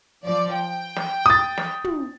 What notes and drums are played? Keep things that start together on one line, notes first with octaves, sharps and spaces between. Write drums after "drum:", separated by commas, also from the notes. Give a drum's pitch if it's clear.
F3 D5
G5
drum: snare
D#6 A6
drum: snare
drum: tom